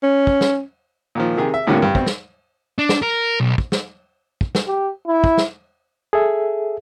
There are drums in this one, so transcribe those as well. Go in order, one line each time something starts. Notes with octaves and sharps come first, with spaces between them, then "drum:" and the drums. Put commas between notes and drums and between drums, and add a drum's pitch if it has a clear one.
C#4
drum: kick
drum: snare
A#2 D#3 F3
C3 D#3 G4 G#4
E5
C2 A2 D3 G3 A#3 F4
G2
B2 C4, drum: kick
drum: snare
D4
drum: snare
A#4
B1
drum: kick
drum: snare
drum: kick
drum: snare
G4
E4
drum: kick
drum: snare
G#4 A4 E5